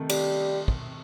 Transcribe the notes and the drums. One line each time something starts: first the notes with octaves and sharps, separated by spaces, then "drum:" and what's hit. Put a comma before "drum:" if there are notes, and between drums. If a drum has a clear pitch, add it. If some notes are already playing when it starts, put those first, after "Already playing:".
Already playing: C3 D#3 A3
G3, drum: cymbal
drum: kick